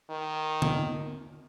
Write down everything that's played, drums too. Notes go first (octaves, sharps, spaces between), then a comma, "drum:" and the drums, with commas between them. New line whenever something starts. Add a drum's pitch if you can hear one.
D#3
drum: tom D3